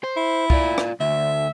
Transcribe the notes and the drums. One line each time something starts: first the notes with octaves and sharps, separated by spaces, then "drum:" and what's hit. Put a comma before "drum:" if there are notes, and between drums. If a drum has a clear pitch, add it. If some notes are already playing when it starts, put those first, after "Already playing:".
C5
E4
F4 D5, drum: kick
drum: rim click
D2 E5